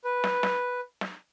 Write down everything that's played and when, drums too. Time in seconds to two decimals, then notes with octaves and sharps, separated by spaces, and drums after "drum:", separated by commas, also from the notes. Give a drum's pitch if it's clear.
0.04 B4
0.24 drum: snare
0.43 drum: snare
1.01 drum: snare